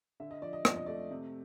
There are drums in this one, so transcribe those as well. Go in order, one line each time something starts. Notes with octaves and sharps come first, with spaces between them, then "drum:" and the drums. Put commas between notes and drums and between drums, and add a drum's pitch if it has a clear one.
D3 E5
D#5
F3 D5
D#5
F2 D5, drum: rim click
D#5
A3 D5
C3